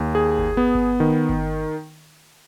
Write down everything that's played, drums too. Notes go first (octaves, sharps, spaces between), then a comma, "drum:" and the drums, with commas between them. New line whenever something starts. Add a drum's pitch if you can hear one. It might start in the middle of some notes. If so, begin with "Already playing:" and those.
Already playing: D#2
G#4
drum: kick G1
B3
drum: kick G1
D#3
drum: kick G1